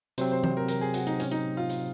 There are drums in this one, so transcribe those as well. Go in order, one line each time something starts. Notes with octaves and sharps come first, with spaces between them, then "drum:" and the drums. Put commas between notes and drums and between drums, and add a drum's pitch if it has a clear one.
C3 F#3 C4 C5, drum: hi-hat
C5
C5, drum: tom E3
A#4
A#4, drum: hi-hat
G#4
F#4, drum: hi-hat
D#4
C#4, drum: hi-hat
D#4
F4
drum: hi-hat